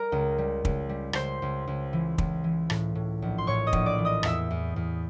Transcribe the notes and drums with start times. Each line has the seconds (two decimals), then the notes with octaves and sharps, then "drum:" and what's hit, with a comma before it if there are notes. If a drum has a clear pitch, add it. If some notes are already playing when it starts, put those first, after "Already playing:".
Already playing: G3 A#4 A#5
0.12 C#2
0.38 G3
0.65 C#2, drum: kick
0.89 G3
1.13 C#2 C5 C6, drum: rim click
1.42 C#2
1.67 C#2
1.93 E3
2.18 C#2, drum: kick
2.44 E3
2.70 A2, drum: rim click
2.95 A2
3.22 A#1
3.38 C6
3.47 A2 C#5 C#6
3.67 D#5 D#6
3.73 A#1, drum: kick
3.86 D5 D6
3.98 E3
4.05 D#5 D#6
4.23 E2 E5 E6, drum: rim click
4.51 E2
4.76 E2